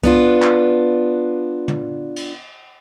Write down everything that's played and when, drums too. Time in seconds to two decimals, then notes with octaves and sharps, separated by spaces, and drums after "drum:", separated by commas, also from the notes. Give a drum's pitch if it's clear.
0.03 B3 D4 F4, drum: kick C2
0.42 drum: clap
1.68 drum: tom
2.16 drum: cymbal